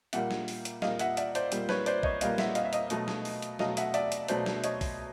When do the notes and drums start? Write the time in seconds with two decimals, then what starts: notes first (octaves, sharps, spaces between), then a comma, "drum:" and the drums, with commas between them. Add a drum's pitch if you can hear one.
0.13 A#2 G3 A#3 E5 F#5, drum: hi-hat
0.31 drum: snare
0.48 drum: open hi-hat
0.65 drum: hi-hat
0.82 A#2 G3 A#3 D#5 F5, drum: snare
0.99 E5 F#5, drum: hi-hat
1.17 D5 E5, drum: hi-hat
1.35 C5 D5, drum: hi-hat
1.52 A#2 G3 A#3, drum: hi-hat
1.69 B4 C#5, drum: snare
1.86 C5 D5, drum: hi-hat
2.03 C#5 D#5, drum: kick A#1
2.21 A#2 G3 A#3 D#5 F5, drum: hi-hat
2.38 E5 F#5, drum: snare
2.55 D#5 F5, drum: hi-hat
2.65 E5
2.73 D#5 F5, drum: hi-hat
2.90 B2 F#3 A3, drum: hi-hat
3.08 drum: snare
3.25 drum: open hi-hat
3.42 drum: hi-hat
3.59 B2 F#3 A3 D#5 F5, drum: snare
3.77 E5 F#5, drum: hi-hat
3.94 D5 E5, drum: hi-hat
4.12 drum: hi-hat
4.28 B2 F#3 A3 C5 D5, drum: hi-hat
4.46 drum: snare
4.64 C#5 D#5, drum: hi-hat
4.81 drum: kick A#1, open hi-hat